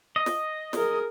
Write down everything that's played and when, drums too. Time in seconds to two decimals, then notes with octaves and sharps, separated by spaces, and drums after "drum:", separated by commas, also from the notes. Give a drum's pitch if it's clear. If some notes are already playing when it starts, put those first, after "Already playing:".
0.16 D#5
0.26 drum: snare
0.73 G#4 A#4, drum: snare